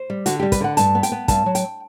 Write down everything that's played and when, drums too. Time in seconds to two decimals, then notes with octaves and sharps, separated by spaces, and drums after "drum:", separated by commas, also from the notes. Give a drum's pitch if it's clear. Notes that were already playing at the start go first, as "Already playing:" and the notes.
Already playing: C5
0.10 G3
0.26 D3 F#4, drum: hi-hat
0.40 G3 G4
0.52 B4, drum: kick, hi-hat
0.60 D3 F#5
0.77 G2 A5, drum: hi-hat
0.95 B3
1.03 G5, drum: hi-hat
1.12 B3
1.28 G2 A5, drum: kick, hi-hat
1.46 F#3
1.55 G5, drum: hi-hat